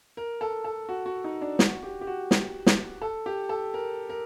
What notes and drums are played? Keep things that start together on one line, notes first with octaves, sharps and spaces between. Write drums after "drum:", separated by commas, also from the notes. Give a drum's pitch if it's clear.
A#4
A4
A4
F#4
F#4
D#4
D4
F#4, drum: snare
G4
G4
F#4
drum: snare
drum: snare
A4
G4
A4
A#4
A#4